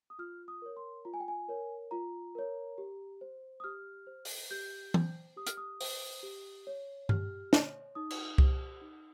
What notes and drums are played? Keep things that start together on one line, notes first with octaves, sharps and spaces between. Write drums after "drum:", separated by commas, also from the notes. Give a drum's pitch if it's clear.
D#6
F4 F6
D#6
A#4 C#5
C6
F4 A#5
G#5
G5
G#5
A#4 C#5
F4 A#5
A#4 C#5
G4
C5
D#6
G4 F6
C5
drum: open hi-hat
G4 G6
C5, drum: tom
G4 D#6
F6, drum: hi-hat
D#6
C5, drum: open hi-hat
G4
C#5
G4 F6, drum: tom G2
C#5, drum: snare
D#4 D#6
drum: cymbal
G4 C5, drum: kick C2
D#4